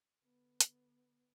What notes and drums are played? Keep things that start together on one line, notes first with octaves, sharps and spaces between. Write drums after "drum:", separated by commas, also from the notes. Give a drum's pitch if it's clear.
D3 B3
drum: hi-hat